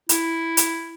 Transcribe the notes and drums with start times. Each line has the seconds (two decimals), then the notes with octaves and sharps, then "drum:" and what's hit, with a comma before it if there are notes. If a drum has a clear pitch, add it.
0.09 E4, drum: hi-hat
0.57 drum: hi-hat